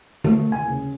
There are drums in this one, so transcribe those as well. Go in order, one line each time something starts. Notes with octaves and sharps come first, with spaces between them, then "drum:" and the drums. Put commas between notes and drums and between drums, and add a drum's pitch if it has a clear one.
A3, drum: tom D3
G#5
C#3